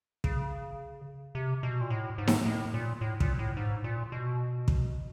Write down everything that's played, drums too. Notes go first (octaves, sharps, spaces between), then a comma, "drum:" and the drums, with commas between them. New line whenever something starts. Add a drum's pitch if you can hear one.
C#3, drum: kick
C3
B2
A#2
A2
G#2
drum: snare D#4
A2
A#2
A2
A#2, drum: kick
A2
G#2
A#2
B2
drum: kick